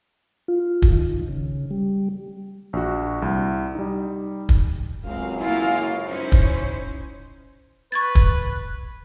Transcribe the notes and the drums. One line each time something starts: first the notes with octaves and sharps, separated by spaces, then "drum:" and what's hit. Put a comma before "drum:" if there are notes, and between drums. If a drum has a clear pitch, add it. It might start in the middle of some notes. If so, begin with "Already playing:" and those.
F4
drum: kick
D#3
C#3
G3
A#1 F#4
C2
G3 D#4
drum: kick
C#2 F#2 G#3 C4 F5
A#3 E4 F4 F5
C#4 D#4 E4 C5
drum: kick
B4 C#6 G#6 A6
drum: kick